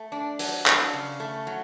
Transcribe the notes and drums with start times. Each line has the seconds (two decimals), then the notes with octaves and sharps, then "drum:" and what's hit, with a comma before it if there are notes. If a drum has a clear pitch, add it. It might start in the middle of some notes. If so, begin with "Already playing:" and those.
Already playing: A3
0.12 D4
0.39 F#3, drum: open hi-hat
0.66 D4, drum: clap
0.93 C#3
1.20 A3
1.47 F#3